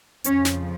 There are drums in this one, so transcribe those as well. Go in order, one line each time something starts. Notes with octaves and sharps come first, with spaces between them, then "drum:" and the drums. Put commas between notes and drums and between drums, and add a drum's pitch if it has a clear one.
F2 C#3 F3 C#4, drum: hi-hat
drum: snare